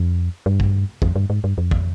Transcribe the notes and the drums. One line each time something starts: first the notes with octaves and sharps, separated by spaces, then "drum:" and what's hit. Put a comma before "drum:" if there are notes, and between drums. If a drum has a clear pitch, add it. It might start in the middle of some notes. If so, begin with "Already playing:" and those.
Already playing: F2
G2
drum: kick
F2, drum: kick
G2
G#2
G2
F2
drum: kick